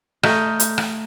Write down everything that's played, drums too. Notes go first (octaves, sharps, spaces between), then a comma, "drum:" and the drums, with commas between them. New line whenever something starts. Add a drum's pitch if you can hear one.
A3 D#5 A#5 F6 G6, drum: rim click
drum: hi-hat
drum: rim click